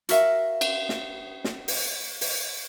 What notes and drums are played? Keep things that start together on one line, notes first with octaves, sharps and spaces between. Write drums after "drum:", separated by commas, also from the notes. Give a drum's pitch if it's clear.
F#4 A#4 E5 F5, drum: hi-hat
drum: cymbal
drum: snare
drum: snare
drum: open hi-hat
drum: open hi-hat